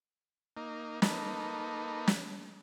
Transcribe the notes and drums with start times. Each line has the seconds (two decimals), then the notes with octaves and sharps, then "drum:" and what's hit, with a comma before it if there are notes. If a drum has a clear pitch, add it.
0.57 A#3 D#4
1.02 A#3 D#4 A4 B4, drum: snare
2.07 drum: snare